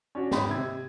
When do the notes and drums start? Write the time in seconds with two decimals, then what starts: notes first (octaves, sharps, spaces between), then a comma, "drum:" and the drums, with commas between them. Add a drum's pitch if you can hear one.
0.15 C#4 D4 F#4
0.31 G#1 D#4 B5, drum: snare
0.49 C3 G#6